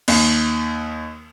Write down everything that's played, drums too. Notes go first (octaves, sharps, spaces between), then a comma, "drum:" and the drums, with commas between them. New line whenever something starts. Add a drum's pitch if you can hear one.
D#2, drum: cymbal